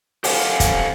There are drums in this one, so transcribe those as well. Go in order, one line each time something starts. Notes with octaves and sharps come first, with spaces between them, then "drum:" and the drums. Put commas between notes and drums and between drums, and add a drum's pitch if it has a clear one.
G4 A4 C5 F5 F#5 G#5, drum: open hi-hat
drum: kick, hi-hat